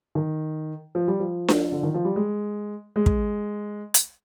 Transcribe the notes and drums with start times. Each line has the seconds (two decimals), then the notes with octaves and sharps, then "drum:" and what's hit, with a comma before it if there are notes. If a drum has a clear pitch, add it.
0.15 D#3
0.95 F3
1.08 G3
1.20 F3
1.48 drum: snare D4
1.72 D3
1.83 D#3
1.94 F3
2.05 G3
2.16 G#3
2.96 G#3
3.06 drum: kick
3.94 drum: hi-hat